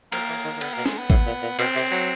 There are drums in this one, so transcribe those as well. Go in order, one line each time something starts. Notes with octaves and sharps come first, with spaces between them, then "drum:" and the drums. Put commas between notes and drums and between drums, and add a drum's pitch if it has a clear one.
F3 A#3, drum: cymbal
E3
D#3
D#3
D3 B3, drum: cymbal
B2 A#3
G#3, drum: snare
B3
A2, drum: kick G#1
A#2
A#2
B2 C4, drum: cymbal
C3
F#3